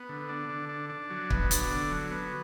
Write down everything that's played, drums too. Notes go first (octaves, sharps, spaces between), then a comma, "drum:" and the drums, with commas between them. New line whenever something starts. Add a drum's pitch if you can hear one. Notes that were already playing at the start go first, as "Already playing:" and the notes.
Already playing: B3
D3
D4
D3
D4
D4
F#3
B3, drum: kick
D4, drum: hi-hat
D3
F#3
B3